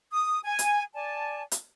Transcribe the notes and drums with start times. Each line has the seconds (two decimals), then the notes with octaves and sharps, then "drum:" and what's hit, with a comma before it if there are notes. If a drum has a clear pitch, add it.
0.12 D#6
0.44 G#5
0.59 drum: hi-hat
0.94 D5 G#5 A5
1.52 drum: hi-hat